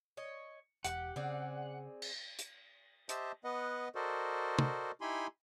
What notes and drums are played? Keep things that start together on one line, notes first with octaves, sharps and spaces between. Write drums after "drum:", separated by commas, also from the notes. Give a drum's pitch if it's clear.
C#5 D#5
E1 G4 F#5, drum: hi-hat
C#3 C4 G#4 D5
drum: cymbal
drum: hi-hat
G4 C5 D#5 E5 A5, drum: hi-hat
B3 B4 D#5 F#5
F#4 A4 A#4 C5 D5 D#5
drum: tom
D#4 E4 G4 G#5 B5 C6